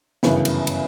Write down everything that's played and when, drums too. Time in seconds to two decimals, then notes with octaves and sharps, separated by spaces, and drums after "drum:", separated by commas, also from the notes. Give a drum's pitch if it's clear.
0.23 G1 F#2 C#3 E3 B3, drum: snare
0.45 drum: cymbal
0.67 drum: cymbal